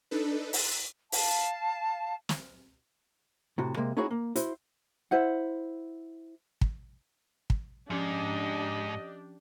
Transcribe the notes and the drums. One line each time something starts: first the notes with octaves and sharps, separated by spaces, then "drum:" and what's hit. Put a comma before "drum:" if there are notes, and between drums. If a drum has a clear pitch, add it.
D4 D#4 A4 B4
A#5 C6 E6 F#6 A6, drum: open hi-hat
F5 A5, drum: open hi-hat
drum: snare
A2 C3 F#4
C3 G#3 A#3
C#4 D#4 E4 F#4 G#4 C#5
A#3
E4 F#4 C5, drum: hi-hat
E4 C5 F#5
drum: kick
drum: kick
G#2 F3 C#4 D4 G4 D#5